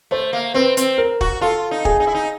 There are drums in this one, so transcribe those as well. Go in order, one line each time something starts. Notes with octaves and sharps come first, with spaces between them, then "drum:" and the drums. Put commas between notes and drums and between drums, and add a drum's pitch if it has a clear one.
A3 C5
A#3
C4 B4
C4, drum: hi-hat
A#4
F#4, drum: kick
F4 A4
D#4
G#4, drum: kick
D#4
E4
D#4